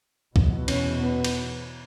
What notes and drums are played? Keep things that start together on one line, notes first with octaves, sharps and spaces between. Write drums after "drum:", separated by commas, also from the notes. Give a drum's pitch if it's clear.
E2 B2, drum: kick
C#4, drum: cymbal
B3
drum: cymbal